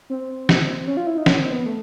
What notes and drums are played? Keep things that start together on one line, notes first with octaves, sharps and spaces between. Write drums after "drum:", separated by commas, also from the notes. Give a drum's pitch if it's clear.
C4
drum: snare
C#4
F4
E4
D#4
C#4, drum: snare
C4
B3
A3